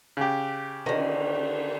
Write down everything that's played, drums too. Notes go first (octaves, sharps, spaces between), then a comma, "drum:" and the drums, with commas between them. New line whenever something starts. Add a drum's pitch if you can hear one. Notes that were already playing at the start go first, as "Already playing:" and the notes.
C#3 G4
D3 D#3, drum: cymbal